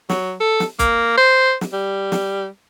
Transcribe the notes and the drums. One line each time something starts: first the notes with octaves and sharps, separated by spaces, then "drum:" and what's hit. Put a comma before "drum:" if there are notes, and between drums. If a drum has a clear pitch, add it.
F#3, drum: snare
A4
drum: snare
A#3, drum: kick, hi-hat
C5
drum: snare
G3
drum: snare